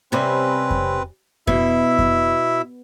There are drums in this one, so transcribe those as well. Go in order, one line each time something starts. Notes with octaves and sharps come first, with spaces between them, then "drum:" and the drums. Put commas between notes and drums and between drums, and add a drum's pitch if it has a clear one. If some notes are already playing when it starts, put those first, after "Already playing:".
C3 G3 C4 C#4 B4
drum: kick F2
B2 E4 E5, drum: kick F2
drum: kick F2